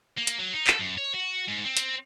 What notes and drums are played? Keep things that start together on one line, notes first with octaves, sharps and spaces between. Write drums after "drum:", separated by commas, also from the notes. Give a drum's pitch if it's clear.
A#3
drum: hi-hat
F#3
D#4
A4, drum: clap
F#2
C#5
F#4
G#2
C4
C4, drum: hi-hat